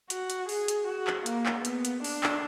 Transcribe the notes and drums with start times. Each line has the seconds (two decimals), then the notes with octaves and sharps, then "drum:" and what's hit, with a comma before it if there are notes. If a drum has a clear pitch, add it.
0.10 F#4, drum: hi-hat
0.30 drum: hi-hat
0.49 G#4, drum: open hi-hat
0.68 drum: hi-hat
0.87 F#4
1.07 drum: clap
1.26 A#3, drum: hi-hat
1.46 drum: clap
1.65 B3, drum: hi-hat
1.85 drum: hi-hat
2.04 D4, drum: open hi-hat
2.23 drum: clap